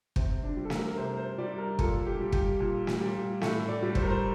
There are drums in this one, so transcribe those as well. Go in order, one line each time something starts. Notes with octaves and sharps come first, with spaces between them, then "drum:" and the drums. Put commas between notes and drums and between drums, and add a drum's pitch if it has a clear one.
C3 C4, drum: kick
D4
G3
A4
A#4, drum: snare
A#4
C3 C5
C5
G3 D5
A#4
A#2 A4, drum: kick
G4
G3
G4, drum: kick
A#2
drum: snare
G3
A2 A4, drum: snare
D5
G3
C5, drum: kick
A#4
C5